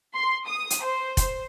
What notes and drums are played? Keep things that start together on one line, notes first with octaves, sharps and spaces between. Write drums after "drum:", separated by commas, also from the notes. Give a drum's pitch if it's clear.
C6
D#6
drum: hi-hat
C5
drum: kick F1, hi-hat